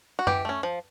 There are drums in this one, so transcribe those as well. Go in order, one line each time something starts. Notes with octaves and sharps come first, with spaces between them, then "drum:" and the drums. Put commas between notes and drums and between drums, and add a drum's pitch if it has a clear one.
F#4
E3 G4, drum: tom F#2
A3 C#4
F3